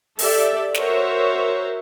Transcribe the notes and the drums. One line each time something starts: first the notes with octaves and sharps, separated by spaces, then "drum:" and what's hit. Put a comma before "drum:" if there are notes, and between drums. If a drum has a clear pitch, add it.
G4 A4 D5 E5, drum: open hi-hat
F#4 A#4 C5 C#5 E5, drum: snare